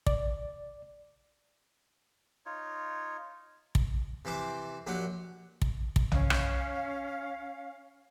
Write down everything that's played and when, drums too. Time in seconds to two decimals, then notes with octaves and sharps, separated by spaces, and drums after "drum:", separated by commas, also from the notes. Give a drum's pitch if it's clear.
0.07 D5, drum: kick
2.46 D#4 F4 C#5
3.75 drum: kick
4.25 C3 E3 C5 D6
4.87 A#1 F#3 G4 F#5
5.62 drum: kick
5.96 drum: kick
6.12 C#4 F5, drum: tom
6.30 drum: rim click